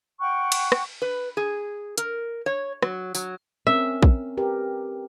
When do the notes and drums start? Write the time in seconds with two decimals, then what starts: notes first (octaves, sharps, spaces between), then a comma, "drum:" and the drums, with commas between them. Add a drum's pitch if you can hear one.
0.21 F#5 G5 C#6 F#6
0.52 drum: cymbal
0.72 drum: rim click
1.02 B4
1.37 G#4
1.98 A#4, drum: hi-hat
2.46 C#5
2.83 F#3, drum: rim click
3.15 F#3, drum: tambourine
3.67 C4 C#4 A#4 E5
4.03 drum: kick
4.37 G4 A#4 B4